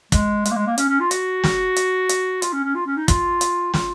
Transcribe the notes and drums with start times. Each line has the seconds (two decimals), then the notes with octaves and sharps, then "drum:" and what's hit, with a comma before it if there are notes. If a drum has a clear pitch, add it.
0.12 G#3, drum: kick, hi-hat
0.45 G#3, drum: hi-hat
0.51 A#3
0.56 G#3
0.67 A#3
0.78 C#4, drum: hi-hat
0.89 C#4
1.00 F4
1.11 F#4, drum: hi-hat
1.44 drum: snare
1.76 drum: hi-hat
2.09 drum: hi-hat
2.42 F4, drum: hi-hat
2.53 C#4
2.64 C#4
2.75 F4
2.86 C#4
2.97 D#4
3.08 F4, drum: kick, hi-hat
3.41 drum: hi-hat
3.74 F4, drum: snare